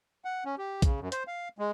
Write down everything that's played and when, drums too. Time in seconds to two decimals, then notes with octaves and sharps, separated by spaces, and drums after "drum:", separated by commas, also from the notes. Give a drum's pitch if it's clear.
0.25 F#5
0.45 C#4
0.58 G4
0.82 C#3, drum: kick, hi-hat
1.00 F#2
1.12 C5, drum: hi-hat
1.28 F5
1.58 G#3